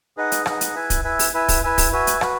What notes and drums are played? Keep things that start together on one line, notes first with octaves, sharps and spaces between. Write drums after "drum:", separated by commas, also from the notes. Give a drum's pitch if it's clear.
D#4 G#4 B4 D#5 F#5
drum: hi-hat
D#4 G#4 B4 D#5 F#5, drum: rim click
drum: hi-hat
E4 B4 E5 G#5
drum: kick, hi-hat
E4 B4 E5 G#5
drum: open hi-hat
E4 B4 E5 G#5
drum: kick, open hi-hat
E4 B4 E5 G#5
drum: kick, open hi-hat
F#4 B4 E5 G#5
drum: hi-hat
F#4 B4, drum: rim click